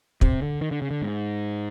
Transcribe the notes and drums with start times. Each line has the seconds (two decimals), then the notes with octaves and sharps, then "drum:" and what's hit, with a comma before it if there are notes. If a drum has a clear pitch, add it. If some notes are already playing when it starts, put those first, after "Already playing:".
0.21 C3, drum: kick
0.42 D3
0.61 D#3
0.71 D3
0.82 C#3
0.91 D3
1.02 G#2